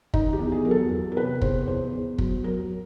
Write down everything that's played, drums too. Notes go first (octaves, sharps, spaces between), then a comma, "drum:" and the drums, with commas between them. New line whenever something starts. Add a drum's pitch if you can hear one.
D#3 D#4, drum: kick
G4
E2
G#4
F#3 A#4
A4
E2
A#4
C3 B4
E2 C5, drum: kick
E2 C5
E2
F#3, drum: kick
F#3 A#4